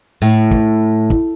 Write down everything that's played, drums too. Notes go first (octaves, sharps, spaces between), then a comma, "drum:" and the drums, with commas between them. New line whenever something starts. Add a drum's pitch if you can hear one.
A2
drum: kick
drum: kick